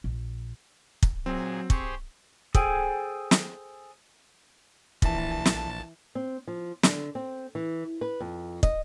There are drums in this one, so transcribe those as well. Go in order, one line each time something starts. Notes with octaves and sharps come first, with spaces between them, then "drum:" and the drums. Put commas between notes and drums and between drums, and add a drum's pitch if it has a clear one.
A#1
drum: kick
A#2 F#3 C4 G#4
G4 G#4 C5 C#6, drum: kick
G#4 A4 C5 G5 G#5, drum: kick
drum: snare
A#1 E3 A5, drum: kick
drum: snare
C4
F3
D3, drum: snare
C4
E3
B4
F2
D#5, drum: kick